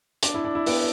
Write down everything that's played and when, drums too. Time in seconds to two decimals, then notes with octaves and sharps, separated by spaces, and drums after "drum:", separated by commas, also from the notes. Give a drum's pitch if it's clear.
0.23 D4, drum: hi-hat
0.34 E4
0.44 D4
0.55 E4
0.66 B3 D4, drum: open hi-hat